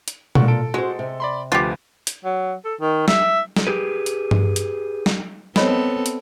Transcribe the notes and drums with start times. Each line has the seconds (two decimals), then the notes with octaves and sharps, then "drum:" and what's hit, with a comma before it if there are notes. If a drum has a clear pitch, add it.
0.08 drum: hi-hat
0.35 A#2 F#5 C#6, drum: tom B2
0.48 A4 D7
0.74 G#3 F#4 C5
0.99 C3
1.20 D5 B5 C6
1.52 D2 F3 F4 G4 B4
2.07 drum: hi-hat
2.24 F#3
2.64 A4
2.81 D#3
3.08 E5, drum: snare
3.56 drum: snare
3.67 G4 G#4 B4
4.06 drum: hi-hat
4.31 drum: tom G2
4.56 drum: hi-hat
5.06 drum: snare
5.56 B3 C4 A4 C#5 D#5 B5, drum: snare
6.06 drum: hi-hat